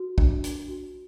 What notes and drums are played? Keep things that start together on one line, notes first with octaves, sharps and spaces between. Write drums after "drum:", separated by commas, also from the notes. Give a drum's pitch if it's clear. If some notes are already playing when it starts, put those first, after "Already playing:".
Already playing: F#4
D4, drum: kick
D4, drum: hi-hat
F#4